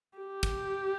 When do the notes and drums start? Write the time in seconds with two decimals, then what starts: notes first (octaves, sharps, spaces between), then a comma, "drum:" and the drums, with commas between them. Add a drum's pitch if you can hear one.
0.18 G4
0.43 drum: kick, cymbal